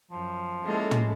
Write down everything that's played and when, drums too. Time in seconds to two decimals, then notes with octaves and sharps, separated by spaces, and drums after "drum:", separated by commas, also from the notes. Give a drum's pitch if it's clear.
0.11 F#2 F3
0.65 G#3 A#3 C#4 E4 F4 A4
0.91 drum: tom